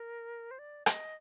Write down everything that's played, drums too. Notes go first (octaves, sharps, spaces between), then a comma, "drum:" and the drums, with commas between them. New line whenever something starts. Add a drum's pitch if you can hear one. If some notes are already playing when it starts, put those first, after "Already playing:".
Already playing: A#4
C5
D5
D#5, drum: rim click